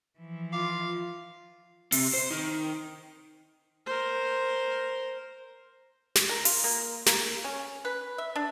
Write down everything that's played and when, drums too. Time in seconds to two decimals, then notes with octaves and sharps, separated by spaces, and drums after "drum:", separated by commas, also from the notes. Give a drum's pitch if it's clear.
0.19 E3 F3
0.53 F4 F5 D6
1.92 C3, drum: open hi-hat
2.13 C5
2.31 D#3
3.86 A#4 C5
6.15 drum: snare
6.29 A#4
6.45 F4, drum: open hi-hat
6.64 A#3
7.06 A#3, drum: snare
7.44 C#4
7.85 B4
8.18 E5
8.36 D4